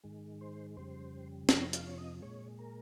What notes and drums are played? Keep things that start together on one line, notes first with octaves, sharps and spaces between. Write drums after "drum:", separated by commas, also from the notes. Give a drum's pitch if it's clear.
G#2 D#3 G#3
C5
F2 C#3 G3 C5
F2 C3 F3 C#5, drum: snare
F5, drum: hi-hat
C#5
D#5
A#2 G#3 C#5
A#4